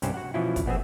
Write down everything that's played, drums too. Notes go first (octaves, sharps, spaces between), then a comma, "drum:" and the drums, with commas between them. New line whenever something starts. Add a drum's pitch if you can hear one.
C2 G2 C#4 G4 C5, drum: hi-hat
F#4 F#5
B2 E3 F3 C#4 E4 F4
drum: kick, hi-hat
A#1 B3 C4 G#4 E5